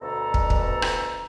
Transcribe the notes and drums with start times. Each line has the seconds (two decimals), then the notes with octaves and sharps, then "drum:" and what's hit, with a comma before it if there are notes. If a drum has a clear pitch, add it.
0.02 D2 B2 A4 A#5
0.34 drum: kick
0.50 drum: kick
0.82 drum: rim click